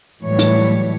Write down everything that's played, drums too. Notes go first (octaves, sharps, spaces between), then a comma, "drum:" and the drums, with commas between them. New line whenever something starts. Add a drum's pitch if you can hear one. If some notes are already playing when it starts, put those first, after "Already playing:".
A2 E3 F#3 G3 C#5
drum: hi-hat